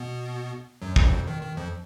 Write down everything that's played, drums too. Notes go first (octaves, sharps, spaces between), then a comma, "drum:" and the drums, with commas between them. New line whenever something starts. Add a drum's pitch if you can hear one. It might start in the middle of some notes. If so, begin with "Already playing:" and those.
Already playing: B2 B3
F#2 F#3
F#3, drum: kick
F2 F3
D#3
D#3
F2 F3